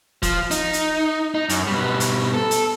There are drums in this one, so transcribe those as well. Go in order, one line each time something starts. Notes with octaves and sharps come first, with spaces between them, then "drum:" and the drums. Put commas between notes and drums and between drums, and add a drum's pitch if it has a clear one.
F3, drum: kick E1, hi-hat
D#4, drum: hi-hat
drum: hi-hat
D#4
F#2, drum: hi-hat
B2 G3
drum: hi-hat
A4
drum: hi-hat